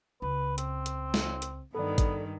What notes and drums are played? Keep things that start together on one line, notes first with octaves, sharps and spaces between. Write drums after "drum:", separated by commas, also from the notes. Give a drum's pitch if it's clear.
C#2 B4
C4, drum: hi-hat
drum: hi-hat
drum: snare
drum: hi-hat
G2 D#3 B3 A4 D5
drum: kick G#1, hi-hat